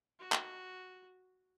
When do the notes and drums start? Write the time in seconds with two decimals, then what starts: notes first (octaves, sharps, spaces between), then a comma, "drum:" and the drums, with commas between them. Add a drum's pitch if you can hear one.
0.19 F#4
0.32 drum: clap